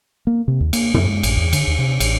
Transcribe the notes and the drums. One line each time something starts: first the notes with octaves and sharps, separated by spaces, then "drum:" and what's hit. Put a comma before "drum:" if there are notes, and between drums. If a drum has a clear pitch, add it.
A#3
C3
D#2
A#3, drum: cymbal
F#2, drum: tom
G#3
A1, drum: cymbal
E2
D3, drum: cymbal
D#2
C3
A1, drum: cymbal